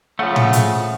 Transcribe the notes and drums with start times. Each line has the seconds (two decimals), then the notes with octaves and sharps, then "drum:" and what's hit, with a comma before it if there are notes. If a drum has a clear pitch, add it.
0.19 C#3 F3 A3 F#5
0.36 drum: tom A2
0.53 drum: hi-hat